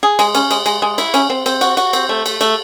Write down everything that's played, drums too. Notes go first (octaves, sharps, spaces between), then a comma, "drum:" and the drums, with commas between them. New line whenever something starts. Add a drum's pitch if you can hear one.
G#4
G#3, drum: cymbal
C#4, drum: cymbal
G#3, drum: cymbal
G#3, drum: cymbal
G#3
E4, drum: cymbal
C#4, drum: cymbal
C4
C4, drum: cymbal
F#4, drum: cymbal
F#4, drum: cymbal
C4, drum: cymbal
A3
A3, drum: cymbal
A3, drum: cymbal